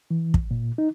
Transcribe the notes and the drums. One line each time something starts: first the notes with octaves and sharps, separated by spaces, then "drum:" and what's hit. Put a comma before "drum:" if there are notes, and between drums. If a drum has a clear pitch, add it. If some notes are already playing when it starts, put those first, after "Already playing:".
E3
drum: kick
A#2
D#4